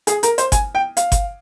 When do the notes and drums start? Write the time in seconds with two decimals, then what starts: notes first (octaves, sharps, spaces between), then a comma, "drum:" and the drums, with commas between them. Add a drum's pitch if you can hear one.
0.07 G#4, drum: hi-hat
0.23 A#4, drum: hi-hat
0.38 C5, drum: hi-hat
0.52 G#5, drum: kick G1, hi-hat
0.75 G5
0.97 F5, drum: hi-hat
1.12 drum: kick G1, hi-hat